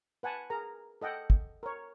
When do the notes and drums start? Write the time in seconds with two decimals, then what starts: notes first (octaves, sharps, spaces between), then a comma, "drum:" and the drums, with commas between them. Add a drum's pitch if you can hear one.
0.23 B4 F#5 G#5 A5
0.50 G#4 A#4 A#5
1.02 A4 D#5 F#5 G5
1.30 drum: kick
1.63 A#4 C#5